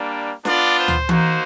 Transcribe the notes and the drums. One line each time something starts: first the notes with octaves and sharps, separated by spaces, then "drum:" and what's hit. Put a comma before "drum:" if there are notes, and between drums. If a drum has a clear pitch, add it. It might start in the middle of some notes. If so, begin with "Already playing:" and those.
Already playing: G3 A#3 D4
B3 D4 F4 D5, drum: snare
C5
drum: tom
A#3 D#4 F#4 C5, drum: tom E3